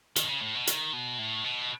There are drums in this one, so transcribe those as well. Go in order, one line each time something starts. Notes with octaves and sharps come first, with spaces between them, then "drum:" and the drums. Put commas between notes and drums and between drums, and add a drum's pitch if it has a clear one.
D#3, drum: hi-hat
B2
C#3
A2
B2
D#3, drum: hi-hat
B2
A2
B2